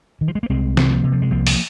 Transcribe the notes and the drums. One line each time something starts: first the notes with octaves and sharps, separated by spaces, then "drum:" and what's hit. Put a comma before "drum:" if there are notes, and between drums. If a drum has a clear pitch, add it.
D#3
F3
G#3
A#3
C2 G#3 C4
C3, drum: snare
F3 A#3
C3
F3
G#3
C2 F3 A#3
drum: open hi-hat